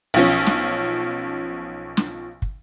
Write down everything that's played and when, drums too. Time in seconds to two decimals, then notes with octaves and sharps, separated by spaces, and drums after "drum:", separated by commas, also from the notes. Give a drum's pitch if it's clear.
0.14 B1 F3 C#4
0.47 drum: snare
1.97 drum: snare
2.42 drum: kick